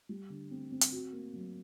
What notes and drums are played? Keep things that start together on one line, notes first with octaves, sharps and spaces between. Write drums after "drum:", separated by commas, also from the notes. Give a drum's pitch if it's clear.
G3
D3
C4
C4
drum: hi-hat
F#4
A#3
F#3